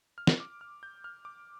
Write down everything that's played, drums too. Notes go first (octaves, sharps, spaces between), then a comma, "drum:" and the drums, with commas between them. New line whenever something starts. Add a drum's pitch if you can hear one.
F6
drum: snare
D6
F6
G6
F6
D6